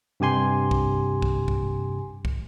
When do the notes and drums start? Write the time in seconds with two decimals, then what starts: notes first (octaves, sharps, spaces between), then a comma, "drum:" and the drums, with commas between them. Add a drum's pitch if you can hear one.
0.20 G2 C3 G4 G#5 C6
0.71 drum: kick
1.22 drum: kick
1.48 drum: kick
2.25 drum: kick